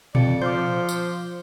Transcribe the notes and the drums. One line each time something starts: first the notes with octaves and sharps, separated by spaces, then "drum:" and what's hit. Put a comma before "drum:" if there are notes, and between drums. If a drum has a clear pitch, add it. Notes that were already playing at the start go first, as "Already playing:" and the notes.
F2 D5 C#7, drum: tom A#2
F3 C5 D6 F6 G6
drum: tambourine